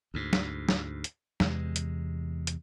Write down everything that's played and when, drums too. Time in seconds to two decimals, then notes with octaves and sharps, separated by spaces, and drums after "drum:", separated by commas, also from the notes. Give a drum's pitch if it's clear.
0.14 D2 G#2
0.33 drum: snare
0.69 drum: snare
1.04 drum: hi-hat
1.40 E2 C3 G#3, drum: snare
1.76 drum: hi-hat
2.47 drum: hi-hat